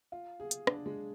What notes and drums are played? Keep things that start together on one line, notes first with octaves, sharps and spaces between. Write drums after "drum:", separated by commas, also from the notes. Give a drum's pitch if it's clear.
F4
G#4
drum: hi-hat
D4, drum: rim click
G#3